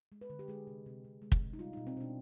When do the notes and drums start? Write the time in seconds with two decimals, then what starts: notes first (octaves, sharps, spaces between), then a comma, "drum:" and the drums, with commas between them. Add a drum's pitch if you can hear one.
0.12 G#3
0.21 B4
0.30 D3
0.39 G4
0.48 G#3 G#4
0.67 C3
0.86 C3
1.05 C3
1.22 G#3
1.32 drum: kick
1.41 C3
1.53 D#4
1.59 G3 F4
1.73 D#4
1.77 B2
1.87 C4
1.97 B2 D4